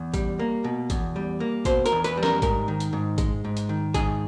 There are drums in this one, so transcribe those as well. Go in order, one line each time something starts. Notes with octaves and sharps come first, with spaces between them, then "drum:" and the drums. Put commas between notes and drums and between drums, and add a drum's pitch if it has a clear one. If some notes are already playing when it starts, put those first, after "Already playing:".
Already playing: E2
G3, drum: kick G#1, hi-hat
A#3
B2
E2, drum: kick G#1, hi-hat
G3
A#3
B2 C5, drum: kick G#1, hi-hat
A#4, drum: hi-hat
E2
B4, drum: hi-hat
G3
A#4, drum: snare
G#2 A#4, drum: kick G#1, hi-hat
D#3
drum: hi-hat
G#2
G#3, drum: kick G#1, hi-hat
G#2
drum: hi-hat
D#3
G#2 G#4, drum: kick G#1, hi-hat